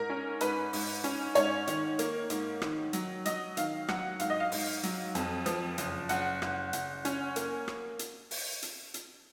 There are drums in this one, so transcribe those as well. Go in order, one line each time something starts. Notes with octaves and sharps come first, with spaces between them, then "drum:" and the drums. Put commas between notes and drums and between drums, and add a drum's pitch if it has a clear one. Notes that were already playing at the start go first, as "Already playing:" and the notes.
Already playing: G#2 A#4
C#4
G#2 B4, drum: hi-hat
G#2, drum: open hi-hat
C#4, drum: hi-hat
G#2 C#5, drum: hi-hat
D#3, drum: hi-hat
A#3, drum: hi-hat
G#2, drum: hi-hat
D#3, drum: rim click
F#3, drum: hi-hat
F#3 D#5, drum: hi-hat
D#3 F5, drum: hi-hat
F#3 F#5, drum: rim click
G#2 F5, drum: hi-hat
D#5
F5
G#2, drum: open hi-hat
F#3, drum: hi-hat
F2, drum: hi-hat
F3, drum: hi-hat
F#1, drum: hi-hat
F#1 F#5, drum: hi-hat
F#1, drum: rim click
F#1, drum: hi-hat
C#4, drum: hi-hat
A#3, drum: hi-hat
drum: rim click
drum: hi-hat
drum: open hi-hat
drum: hi-hat
drum: hi-hat